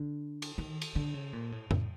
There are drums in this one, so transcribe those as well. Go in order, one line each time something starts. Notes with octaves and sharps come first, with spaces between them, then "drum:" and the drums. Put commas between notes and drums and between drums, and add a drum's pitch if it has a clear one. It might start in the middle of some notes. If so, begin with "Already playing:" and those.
Already playing: D3
drum: cymbal
D#3
drum: cymbal
D3
C#3
A#2
A2
A2, drum: tom F2